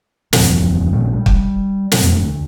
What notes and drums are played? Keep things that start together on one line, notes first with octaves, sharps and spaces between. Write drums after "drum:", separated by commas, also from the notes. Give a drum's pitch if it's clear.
F1 D#2 D#3 F3, drum: snare
A#1 D#2 A#2 G3
G3
drum: kick
drum: snare
E1 F2 A3 D4
D2